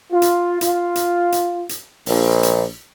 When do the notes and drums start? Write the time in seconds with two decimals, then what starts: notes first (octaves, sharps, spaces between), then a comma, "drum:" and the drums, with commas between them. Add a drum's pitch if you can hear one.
0.11 F4
0.22 drum: hi-hat
0.61 F4, drum: hi-hat
0.95 drum: hi-hat
1.32 drum: hi-hat
1.69 drum: hi-hat
2.06 A#1, drum: open hi-hat
2.43 drum: hi-hat